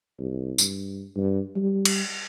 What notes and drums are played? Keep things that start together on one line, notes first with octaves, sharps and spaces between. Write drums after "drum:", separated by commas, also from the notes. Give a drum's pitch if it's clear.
C2
G2, drum: tambourine
G2
G3
drum: cymbal